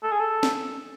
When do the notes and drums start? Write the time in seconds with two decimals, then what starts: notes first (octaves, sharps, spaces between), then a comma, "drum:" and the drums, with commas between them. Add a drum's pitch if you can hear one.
0.03 A4
0.11 G#4
0.20 A4
0.43 drum: snare